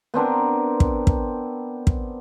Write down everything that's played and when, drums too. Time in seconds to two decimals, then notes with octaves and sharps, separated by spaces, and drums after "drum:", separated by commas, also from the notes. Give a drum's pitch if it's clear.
0.14 B3 C4 D4 A#4
0.80 drum: kick
1.07 drum: kick
1.87 drum: kick